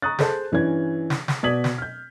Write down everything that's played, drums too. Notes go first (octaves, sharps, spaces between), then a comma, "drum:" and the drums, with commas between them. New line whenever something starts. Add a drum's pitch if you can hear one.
A#5 C#6 D#6 F#6 A6
G#4 A4 C5 A5, drum: snare
G2 E3 C#4 G#6
drum: snare
drum: snare
B2 D5 D#6 G#6 B6 F#7
drum: snare
F6 G6